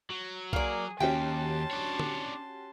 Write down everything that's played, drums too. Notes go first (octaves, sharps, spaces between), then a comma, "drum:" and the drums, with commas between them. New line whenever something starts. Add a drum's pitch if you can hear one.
F#3
A#3 G#4 D5, drum: kick B1
D#2 C#4 F#4 G4 G5 A5 C6
D4 C#5
drum: tom